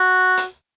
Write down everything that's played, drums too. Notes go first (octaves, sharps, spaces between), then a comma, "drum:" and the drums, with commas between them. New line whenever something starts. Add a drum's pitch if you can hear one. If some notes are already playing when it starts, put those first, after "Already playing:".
Already playing: F#4
drum: hi-hat